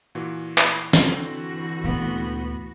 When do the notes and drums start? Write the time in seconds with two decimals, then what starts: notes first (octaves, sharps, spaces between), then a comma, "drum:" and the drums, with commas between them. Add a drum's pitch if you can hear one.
0.15 A#2 E3 F#4
0.58 drum: clap
0.93 drum: snare
1.11 D3 E3 C4 F#4
1.84 D2 A#2 B3